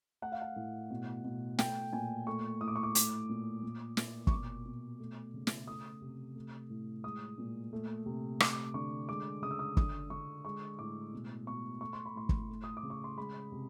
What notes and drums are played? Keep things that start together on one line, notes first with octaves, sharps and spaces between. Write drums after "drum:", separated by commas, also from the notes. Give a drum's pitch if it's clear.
A3 F#5
F5
F#5
A2
B2
B2
A3 G5, drum: snare
A#2 G#5
A3 C#6
A2 D#6
D6
C#6
D6
A3 D6, drum: hi-hat
A#2
A#2
A#2, drum: snare
C#6, drum: kick
B2 D6
B2
A3
C#3
drum: snare
A3 D#6
C3
A3
A2
G#3 D#6
A#2
A3
C3
A3 D6, drum: rim click
D3 C#6
G#3 D6
C#3 D#6
E6
D#6
D3 D#6, drum: kick
D3 C#6
G#3 C#6
A2 D6
B2
B2 C#6
A3 C#6
C6
B5
A2 C6
drum: kick
A3
D#6
D6
C#3
C#6
C6
G#3 B5
C3